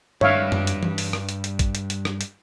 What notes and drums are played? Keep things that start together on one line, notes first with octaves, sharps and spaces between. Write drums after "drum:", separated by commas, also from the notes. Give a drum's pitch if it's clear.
G2 D4 C#5 E5 F5, drum: tom G2
drum: tom F#2
drum: hi-hat
drum: tom E3
drum: open hi-hat
drum: rim click
drum: hi-hat
drum: hi-hat
drum: kick A1, hi-hat
drum: hi-hat
drum: hi-hat
drum: rim click
drum: hi-hat